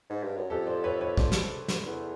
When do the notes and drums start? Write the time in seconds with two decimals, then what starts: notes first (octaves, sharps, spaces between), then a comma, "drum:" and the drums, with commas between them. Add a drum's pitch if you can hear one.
0.10 G#2
0.23 G2
0.37 F#2
0.50 F2 G4 A4
0.67 C5 D5
0.84 B4 C#5
1.01 B4 C#5
1.17 C5 D5, drum: kick
1.32 drum: snare
1.68 drum: snare
1.86 E2